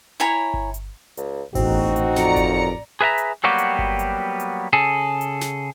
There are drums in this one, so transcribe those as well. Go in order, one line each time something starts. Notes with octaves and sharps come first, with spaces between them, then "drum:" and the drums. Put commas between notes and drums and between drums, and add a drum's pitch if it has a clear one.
E4 C#5 G#5 A#5
drum: kick G1
drum: hi-hat
C#2, drum: hi-hat
A1 E2 C4 D#4 F#4, drum: kick G1, open hi-hat
drum: hi-hat
F2 D5 A#5 C#7, drum: snare
drum: kick G1, hi-hat
D#2
G#4 B4 E5 G#5 A#5
drum: hi-hat
F#3 G3 A#3 B3 F#4 G4
drum: hi-hat
drum: kick G1
drum: hi-hat
drum: hi-hat
C#3 G#4 A4
drum: hi-hat
drum: snare